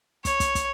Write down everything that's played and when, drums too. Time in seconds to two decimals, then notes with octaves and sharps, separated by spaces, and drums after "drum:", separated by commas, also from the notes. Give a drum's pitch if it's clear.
0.25 C#5, drum: kick, hi-hat
0.40 drum: kick, hi-hat
0.55 drum: kick, hi-hat